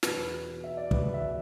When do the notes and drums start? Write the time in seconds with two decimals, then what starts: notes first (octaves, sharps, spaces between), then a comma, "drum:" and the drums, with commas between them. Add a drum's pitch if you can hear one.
0.03 E2 B2 F#3 B4, drum: snare
0.64 E5
0.77 D5
0.91 E2 B2 F#3 B4, drum: kick
1.14 E5